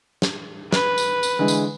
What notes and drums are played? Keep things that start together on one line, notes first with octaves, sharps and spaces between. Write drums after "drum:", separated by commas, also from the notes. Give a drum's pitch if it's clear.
drum: snare
B4, drum: snare
drum: tambourine
drum: tambourine
D3 E3 G#3
drum: tambourine